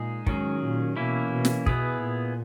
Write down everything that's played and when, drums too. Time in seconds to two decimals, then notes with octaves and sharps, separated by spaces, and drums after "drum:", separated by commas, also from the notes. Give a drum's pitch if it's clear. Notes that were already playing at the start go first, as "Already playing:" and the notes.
Already playing: A#2 G#3 D#4 G#4
0.27 G#2 D#3 F#3 C#4 G#4, drum: kick
0.62 A#2
0.96 B2 E3 A#3 C#4 E4
1.32 B2
1.45 drum: snare
1.66 B2 B3 E4 G#4, drum: kick
2.02 A#2